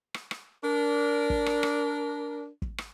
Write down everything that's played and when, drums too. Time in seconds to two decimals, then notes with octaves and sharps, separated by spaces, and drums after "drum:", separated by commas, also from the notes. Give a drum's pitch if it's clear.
0.14 drum: rim click
0.31 drum: rim click
0.64 D4 A#4
1.30 drum: kick
1.46 drum: rim click
1.63 drum: rim click
2.62 drum: kick
2.78 drum: rim click